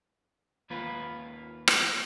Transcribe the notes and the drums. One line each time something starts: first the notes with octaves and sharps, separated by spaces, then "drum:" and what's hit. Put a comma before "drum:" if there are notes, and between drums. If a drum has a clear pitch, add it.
D#2 A#3 F4 B4
drum: rim click